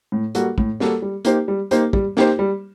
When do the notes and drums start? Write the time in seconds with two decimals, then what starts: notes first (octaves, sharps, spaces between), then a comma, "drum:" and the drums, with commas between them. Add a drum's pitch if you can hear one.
0.12 A2
0.35 G3 A#3 F#4 A4, drum: hi-hat
0.58 A2, drum: kick
0.80 G3 A#3 F#4 A4, drum: snare
1.02 G3
1.25 A#3 D#4 G4 C5, drum: hi-hat
1.48 G3
1.71 A#3 D#4 G4 C5, drum: hi-hat
1.93 G3, drum: kick
2.17 A#3 D#4 G4 C5, drum: snare
2.39 G3